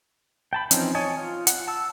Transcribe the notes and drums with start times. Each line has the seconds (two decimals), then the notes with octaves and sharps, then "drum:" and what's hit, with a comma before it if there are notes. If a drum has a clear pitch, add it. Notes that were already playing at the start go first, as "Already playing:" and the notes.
0.53 G5 A5 B5
0.71 E3 F3 C4 C#4 D#4, drum: hi-hat
0.95 C#5 D#5 G#5 A5
1.17 F4
1.47 F#5, drum: hi-hat
1.68 A5 E6